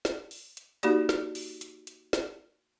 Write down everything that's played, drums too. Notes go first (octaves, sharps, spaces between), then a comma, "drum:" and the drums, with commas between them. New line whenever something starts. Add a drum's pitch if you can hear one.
drum: snare
drum: open hi-hat
drum: hi-hat
A#3 D#4 F#4 G4 D5, drum: hi-hat
drum: snare
drum: open hi-hat
drum: hi-hat
drum: hi-hat
drum: snare